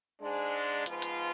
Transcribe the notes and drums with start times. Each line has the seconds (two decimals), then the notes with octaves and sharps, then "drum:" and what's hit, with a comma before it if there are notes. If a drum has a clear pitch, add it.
0.21 G#2 G#3 D4
0.86 G#2 F3 B3 F4, drum: hi-hat
1.02 drum: hi-hat